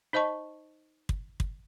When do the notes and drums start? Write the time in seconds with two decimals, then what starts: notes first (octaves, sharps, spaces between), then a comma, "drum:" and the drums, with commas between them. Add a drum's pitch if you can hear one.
0.13 D#4 C5 D#5 A5 C#6
1.09 drum: kick
1.40 drum: kick